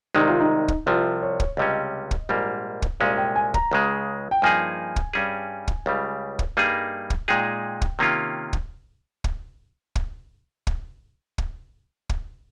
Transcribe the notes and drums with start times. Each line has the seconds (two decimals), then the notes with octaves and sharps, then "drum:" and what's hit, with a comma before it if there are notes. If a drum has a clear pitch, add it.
0.15 C2 C3 D#3 G#3 D#4
0.27 F4
0.40 D#4
0.68 drum: kick
0.86 C2 C3 F3 F4
1.22 C#5
1.40 drum: kick
1.57 C#2 C3 G3 C#4 D#5
2.11 drum: kick
2.29 A#1 G#2 G3 A#3
2.82 drum: kick
3.00 C2 A#2 G#3 C#4 F5
3.17 G5
3.36 G#5
3.54 A#5, drum: kick
3.71 C#2 C#3 G#3
4.31 G5
4.42 G2 F3 A#3 D#4 G#4 G#5
4.96 drum: kick
5.13 G2 G3 C#4 G#4
5.68 drum: kick
5.86 C#2 C#3 G3
6.39 drum: kick
6.57 G2 G3 A#3 D#4 G#4
7.10 drum: kick
7.28 A#2 G#3 D#4 G#4 G5
7.82 drum: kick
7.99 C3 D#3 A#3 C#4 F4
8.53 drum: kick
9.24 drum: kick
9.95 drum: kick
10.67 drum: kick
11.38 drum: kick
12.09 drum: kick